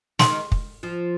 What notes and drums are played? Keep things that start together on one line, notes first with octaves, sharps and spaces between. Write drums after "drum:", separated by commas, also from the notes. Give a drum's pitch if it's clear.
D#3 C6, drum: snare
drum: kick
F3